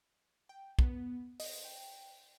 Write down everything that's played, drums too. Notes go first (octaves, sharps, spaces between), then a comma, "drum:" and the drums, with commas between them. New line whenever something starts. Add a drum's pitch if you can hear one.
G5
B3, drum: kick
D#5, drum: open hi-hat
G5